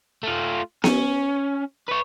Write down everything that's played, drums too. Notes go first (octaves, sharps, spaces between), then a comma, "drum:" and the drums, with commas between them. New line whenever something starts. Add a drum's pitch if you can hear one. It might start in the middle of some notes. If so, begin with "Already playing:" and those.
A3 F4
C#4, drum: snare B3
B4 C#5